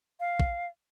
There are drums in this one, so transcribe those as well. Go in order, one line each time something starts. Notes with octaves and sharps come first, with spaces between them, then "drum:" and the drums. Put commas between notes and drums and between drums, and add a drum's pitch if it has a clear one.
F5
drum: kick